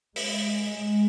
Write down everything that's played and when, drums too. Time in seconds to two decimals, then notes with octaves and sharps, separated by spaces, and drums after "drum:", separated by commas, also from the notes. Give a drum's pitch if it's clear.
0.16 G#3, drum: open hi-hat